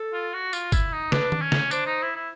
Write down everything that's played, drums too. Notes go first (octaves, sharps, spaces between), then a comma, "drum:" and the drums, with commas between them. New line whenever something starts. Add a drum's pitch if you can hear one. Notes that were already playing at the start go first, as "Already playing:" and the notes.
Already playing: A4
F4
F#4
F4, drum: tambourine
E4, drum: kick, tambourine
D#4
D4 B4, drum: snare
drum: tom D#3
C#4
drum: snare
D4 C5, drum: tambourine
D#4
E4
E4